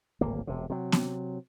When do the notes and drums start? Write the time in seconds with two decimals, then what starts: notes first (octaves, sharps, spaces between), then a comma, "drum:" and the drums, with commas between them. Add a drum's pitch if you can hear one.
0.21 D1 G#1 A#3
0.47 E1 C3
0.70 C3 F#3
0.92 drum: snare B3